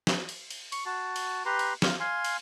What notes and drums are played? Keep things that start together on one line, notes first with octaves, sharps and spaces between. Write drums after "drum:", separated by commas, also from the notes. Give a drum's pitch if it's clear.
drum: snare
drum: cymbal
drum: cymbal
C#6, drum: cymbal
F#4 A5
drum: cymbal
G4 B4 A#5 C6
drum: cymbal
F4, drum: snare
F5 G#5 C6
drum: cymbal